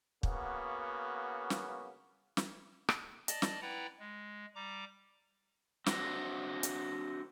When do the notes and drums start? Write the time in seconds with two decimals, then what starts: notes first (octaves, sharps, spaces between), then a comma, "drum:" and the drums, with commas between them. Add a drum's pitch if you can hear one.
0.23 C#3 A#3 B3 F#4, drum: kick
1.50 drum: snare
2.37 drum: snare
2.89 drum: rim click
3.28 D5 D#5 A5, drum: hi-hat
3.42 drum: snare
3.62 E4 B4 D5 F#5 G5 A#5
3.99 G#3
4.55 G3 A#5 D6
5.86 C4 D4 F#4, drum: snare
6.63 drum: hi-hat